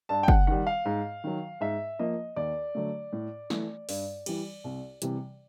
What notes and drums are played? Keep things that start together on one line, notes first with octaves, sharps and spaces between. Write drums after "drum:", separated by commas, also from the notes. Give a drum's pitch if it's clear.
G2 A5
G5
F#5, drum: kick
D#3 G3 F#5
F5
G#2
D#3 F#3
G#2 E5
F3 A#3 D#5
D#2 D5
D3 F#3 A3
A2
E3 A3, drum: snare
G2, drum: open hi-hat
E3 G3, drum: cymbal
C2
C3 E3 G3, drum: hi-hat